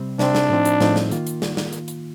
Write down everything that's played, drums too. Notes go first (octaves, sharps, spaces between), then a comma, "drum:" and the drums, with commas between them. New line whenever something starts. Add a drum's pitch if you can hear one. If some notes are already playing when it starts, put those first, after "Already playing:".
Already playing: C3 G3 C4
C3 G3 C4 D4, drum: snare
drum: snare
A2 F3 C4 D#4
drum: hi-hat
A2 F3 C4 D#4, drum: snare
drum: snare
D#3 A#3 F4, drum: hi-hat
drum: hi-hat
drum: snare
drum: snare
drum: hi-hat
drum: hi-hat